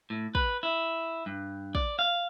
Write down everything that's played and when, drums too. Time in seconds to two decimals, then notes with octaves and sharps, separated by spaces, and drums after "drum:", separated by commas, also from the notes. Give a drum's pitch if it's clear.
0.10 A2
0.35 B4, drum: kick
0.63 E4
1.26 G2
1.75 D5, drum: kick
1.99 F5